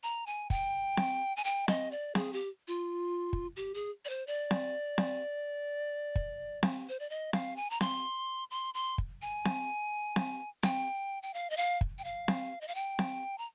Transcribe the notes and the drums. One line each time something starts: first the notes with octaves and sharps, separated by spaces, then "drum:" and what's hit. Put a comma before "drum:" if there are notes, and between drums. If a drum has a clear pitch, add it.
A#5
G#5
G5, drum: kick
drum: snare C4
G#5
G5
D#5, drum: snare C4
D5
G#4, drum: snare C4
G4
F4
drum: kick
G4
G#4
D5
C5
D5
drum: snare C4
drum: snare C4
drum: kick
drum: snare C4
C5
D5
D#5
F5, drum: snare C4
G#5
A#5
C6, drum: snare C4
C6
C6
drum: kick
G#5
drum: snare C4
drum: snare C4
G5, drum: snare C4
G5
F5
D#5
F5
drum: kick
G5
F5
drum: snare C4
D#5
F5
G5
drum: snare C4
A#5